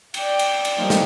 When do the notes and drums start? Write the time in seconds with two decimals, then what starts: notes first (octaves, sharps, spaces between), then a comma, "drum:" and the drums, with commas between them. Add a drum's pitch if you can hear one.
0.14 D5 G5, drum: cymbal
0.39 drum: cymbal
0.65 drum: cymbal
0.75 F3 G3 A#3 D#4 G4
0.90 drum: snare